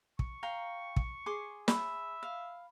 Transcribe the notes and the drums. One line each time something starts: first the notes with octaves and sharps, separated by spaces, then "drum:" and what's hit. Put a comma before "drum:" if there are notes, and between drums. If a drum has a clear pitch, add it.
C#6, drum: kick
F5 G5 A#5
drum: kick
G#4 C6 D6
E5 B5, drum: snare
F5